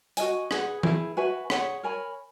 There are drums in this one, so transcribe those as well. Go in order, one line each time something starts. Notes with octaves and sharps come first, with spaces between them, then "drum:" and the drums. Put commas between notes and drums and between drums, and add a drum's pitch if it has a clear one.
F#4 A#4 D#5 G#5, drum: hi-hat
G#4 B4 F#5, drum: rim click
E4 G#4 B4, drum: tom E3
F#4 B4 E5 G#5
G#4 C#5 F#5, drum: rim click
A#4 C#5 G#5 B5